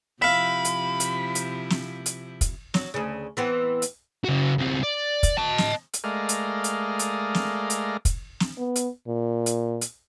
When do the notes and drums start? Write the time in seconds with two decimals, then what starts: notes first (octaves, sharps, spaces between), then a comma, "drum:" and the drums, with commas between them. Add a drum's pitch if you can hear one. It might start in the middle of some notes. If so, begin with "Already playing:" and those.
0.22 C3 F3 E4 E5 F5 B5
0.65 drum: hi-hat
1.00 drum: hi-hat
1.35 drum: hi-hat
1.70 drum: snare
2.06 drum: hi-hat
2.41 drum: kick, hi-hat
2.74 F#3, drum: snare
2.94 D2 C#3
3.37 E3 B3 C4
3.82 drum: hi-hat
4.25 C#3 F#4
4.58 C#2 C4
4.83 D5
5.23 drum: kick, hi-hat
5.38 D#5 A5
5.58 drum: snare
5.93 drum: hi-hat
6.04 G#3 A3 A#4 D5 D#5 F5
6.29 drum: hi-hat
6.64 drum: hi-hat
6.99 drum: hi-hat
7.35 drum: snare
7.70 drum: hi-hat
8.05 drum: kick, hi-hat
8.40 drum: snare
8.58 B3
8.76 drum: hi-hat
9.08 A#2
9.46 drum: hi-hat
9.81 drum: hi-hat